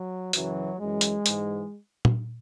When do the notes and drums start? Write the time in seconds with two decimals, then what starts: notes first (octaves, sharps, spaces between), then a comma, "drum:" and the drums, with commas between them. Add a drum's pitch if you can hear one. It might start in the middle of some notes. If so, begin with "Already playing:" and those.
Already playing: F#3
0.33 F#2 C#3 E3 F#3, drum: hi-hat
0.80 F#2 E3 G#3
1.01 drum: hi-hat
1.26 G#2 E3, drum: hi-hat
2.05 drum: tom A#2